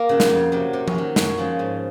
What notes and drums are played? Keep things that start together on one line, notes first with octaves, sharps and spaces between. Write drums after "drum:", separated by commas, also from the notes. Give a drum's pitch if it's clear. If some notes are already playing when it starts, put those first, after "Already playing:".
Already playing: A#3 A#4
C#3 F#3
drum: snare
F2
C3 F#3
C3
C#4, drum: tom
D#3 F#3
F#2, drum: snare
C#3 F3 G#3
G#2